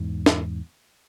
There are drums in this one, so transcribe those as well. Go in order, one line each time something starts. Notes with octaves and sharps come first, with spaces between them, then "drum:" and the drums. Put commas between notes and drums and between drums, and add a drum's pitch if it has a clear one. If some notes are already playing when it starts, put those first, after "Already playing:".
Already playing: E2 G#2
drum: snare